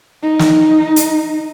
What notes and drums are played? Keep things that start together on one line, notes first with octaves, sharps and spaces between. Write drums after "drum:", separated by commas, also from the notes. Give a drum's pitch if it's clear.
D#4
drum: snare
drum: hi-hat